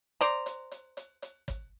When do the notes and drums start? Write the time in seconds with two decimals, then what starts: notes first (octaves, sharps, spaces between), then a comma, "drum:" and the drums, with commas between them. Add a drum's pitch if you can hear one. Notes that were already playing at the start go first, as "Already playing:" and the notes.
0.21 C5 D5 A#5, drum: hi-hat
0.46 drum: hi-hat
0.71 drum: hi-hat
0.97 drum: hi-hat
1.22 drum: hi-hat
1.48 drum: kick, hi-hat